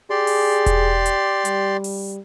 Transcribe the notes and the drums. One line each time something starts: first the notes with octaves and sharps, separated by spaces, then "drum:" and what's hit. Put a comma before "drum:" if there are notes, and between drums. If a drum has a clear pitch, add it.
G4 G#4 D5 C6
drum: open hi-hat
drum: kick E1, hi-hat
drum: hi-hat
G3, drum: hi-hat
drum: open hi-hat